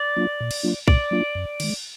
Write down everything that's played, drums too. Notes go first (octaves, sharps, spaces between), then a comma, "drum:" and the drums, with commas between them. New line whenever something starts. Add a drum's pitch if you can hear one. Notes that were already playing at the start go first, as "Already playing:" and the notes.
Already playing: D5
F#3 A#3 D4 F4
A#2
drum: cymbal
F#3 A#3 D4 F4
A#2 D5, drum: kick B1
F#3 A#3 D4 F4
F#2
D#3 G#3, drum: cymbal